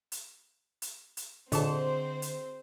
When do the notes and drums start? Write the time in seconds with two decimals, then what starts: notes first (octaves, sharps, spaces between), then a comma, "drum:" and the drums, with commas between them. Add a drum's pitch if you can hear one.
0.12 drum: hi-hat
0.82 drum: hi-hat
1.17 drum: hi-hat
1.52 A#2 D3 C4 F#4 G#4 C5 D#5 A5, drum: hi-hat
2.22 drum: hi-hat